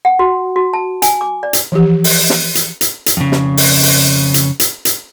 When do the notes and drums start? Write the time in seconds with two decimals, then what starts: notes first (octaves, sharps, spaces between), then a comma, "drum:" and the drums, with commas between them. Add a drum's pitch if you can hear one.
0.05 F#5
0.19 F#4
0.56 F#4
0.73 A5
1.02 G#5, drum: hi-hat
1.21 D6
1.43 D5
1.53 drum: hi-hat
1.72 E3 F3 G4
2.04 drum: open hi-hat
2.30 drum: snare
2.55 drum: hi-hat
2.81 drum: hi-hat
3.06 drum: hi-hat
3.17 F2 C#3
3.32 drum: snare
3.57 drum: open hi-hat
3.83 drum: open hi-hat
4.34 drum: hi-hat
4.60 drum: hi-hat
4.85 drum: hi-hat